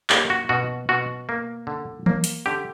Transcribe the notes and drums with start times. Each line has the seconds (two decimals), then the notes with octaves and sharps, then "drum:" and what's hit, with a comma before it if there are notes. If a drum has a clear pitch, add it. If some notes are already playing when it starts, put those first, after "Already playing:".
0.10 A#3 G4, drum: clap
0.30 F#4
0.49 B2 F#4
0.89 B2 F#4
1.29 A#3
1.67 D3
2.06 A#3, drum: tom E3
2.24 drum: hi-hat
2.46 D3 G4